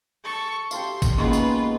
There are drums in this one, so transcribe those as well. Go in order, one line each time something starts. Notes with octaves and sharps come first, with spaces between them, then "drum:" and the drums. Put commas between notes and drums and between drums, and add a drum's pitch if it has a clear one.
A4 C#6
G4 A4 F5 C6, drum: tambourine
drum: kick G#1, tambourine
D#3 G#3 A#3 B3 C#4 F4 B4
drum: tambourine